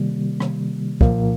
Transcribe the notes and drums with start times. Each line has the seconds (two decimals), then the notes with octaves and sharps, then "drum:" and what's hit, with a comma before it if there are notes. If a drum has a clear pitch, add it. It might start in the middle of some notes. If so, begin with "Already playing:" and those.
Already playing: C3 D#3 G3 A#3
0.40 drum: rim click
1.01 C2 A#2 F3 A#3, drum: kick